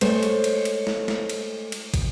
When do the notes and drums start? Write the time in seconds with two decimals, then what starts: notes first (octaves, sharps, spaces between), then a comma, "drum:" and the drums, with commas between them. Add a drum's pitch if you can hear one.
0.01 G#3 A3 C5 C#5, drum: cymbal
0.23 drum: cymbal
0.44 drum: cymbal
0.65 drum: cymbal
0.87 drum: snare
1.08 drum: snare
1.30 drum: cymbal
1.72 drum: cymbal
1.94 drum: kick, cymbal